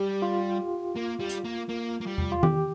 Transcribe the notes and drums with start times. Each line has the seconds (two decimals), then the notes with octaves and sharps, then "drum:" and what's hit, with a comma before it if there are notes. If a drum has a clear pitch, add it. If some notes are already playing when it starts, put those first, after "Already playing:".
Already playing: G3 G4
0.22 F4
0.96 A#3
1.20 G3
1.29 drum: hi-hat
1.44 A#3
1.69 A#3
2.01 A#3
2.06 G3
2.18 drum: tom E2
2.32 F4
2.43 G4, drum: tom D#3